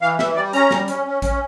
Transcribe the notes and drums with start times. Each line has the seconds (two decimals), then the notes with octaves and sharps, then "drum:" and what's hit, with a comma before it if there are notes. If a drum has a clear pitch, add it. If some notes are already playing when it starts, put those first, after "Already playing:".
0.01 E3 F5
0.19 E3 E5, drum: snare
0.36 G3 D5
0.53 C#4 A#5, drum: hi-hat
0.71 G3, drum: snare
0.88 C#4, drum: hi-hat
1.05 C#4
1.22 C#4, drum: kick, hi-hat